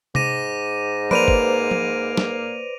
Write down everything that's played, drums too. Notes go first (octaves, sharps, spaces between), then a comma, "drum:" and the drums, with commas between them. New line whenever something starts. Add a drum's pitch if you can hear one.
G#2 D6 A#6 D#7, drum: tom C3
A#3 B4 C5 D5 D7 D#7 F7, drum: tom F3
drum: kick
drum: tom F3
drum: snare